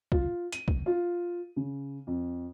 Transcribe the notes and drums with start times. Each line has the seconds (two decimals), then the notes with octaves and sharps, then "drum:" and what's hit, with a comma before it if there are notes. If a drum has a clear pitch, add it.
0.12 F4, drum: kick
0.52 D#7, drum: hi-hat
0.68 drum: kick
0.86 F4
1.56 C#3
2.07 F2